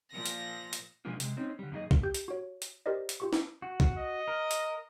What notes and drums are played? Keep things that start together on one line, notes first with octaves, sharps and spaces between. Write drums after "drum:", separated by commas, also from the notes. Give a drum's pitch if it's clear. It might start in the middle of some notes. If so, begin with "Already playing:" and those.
A#2 F3 A#6
drum: hi-hat
drum: hi-hat
B2 F3 G#3 A#3 D4 F4
C3 G#3, drum: hi-hat
C4 C#4 D#4
D3 G3
F#2 A#2 D#3 G4 G#4 D#5
drum: kick C2
G4 G6
drum: hi-hat
F#4 C#5
drum: hi-hat
G4 A#4 C5 D5 D#5
drum: hi-hat
F4 G4 C#6
drum: snare
F#4
drum: kick C2
D#5
A#4
drum: hi-hat